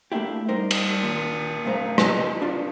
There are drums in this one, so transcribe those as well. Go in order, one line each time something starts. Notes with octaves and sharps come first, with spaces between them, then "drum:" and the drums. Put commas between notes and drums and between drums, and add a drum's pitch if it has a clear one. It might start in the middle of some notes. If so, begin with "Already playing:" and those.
A3 A#3 C4 D4 E4 G4
G3 D#4 A#4 C5
drum: cymbal
D#2 A#2
B1 F#2 A3 C5 F5 A#5
D#5, drum: rim click
D4 F4 D5